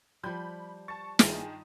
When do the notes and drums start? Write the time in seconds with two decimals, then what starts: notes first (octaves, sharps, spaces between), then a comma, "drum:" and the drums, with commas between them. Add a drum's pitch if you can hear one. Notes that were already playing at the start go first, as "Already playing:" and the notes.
0.23 F3 G3 B5 G6
0.88 A5 C#6 A6
1.19 G2 D#3 D#4 F4 G#4 D#7, drum: snare